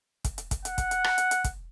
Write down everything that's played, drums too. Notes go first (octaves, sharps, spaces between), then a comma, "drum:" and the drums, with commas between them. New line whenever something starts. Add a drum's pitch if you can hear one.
drum: kick, hi-hat
drum: hi-hat
drum: kick, hi-hat
F#5, drum: hi-hat
drum: kick, hi-hat
drum: hi-hat
drum: rim click
drum: hi-hat
drum: hi-hat
drum: kick, hi-hat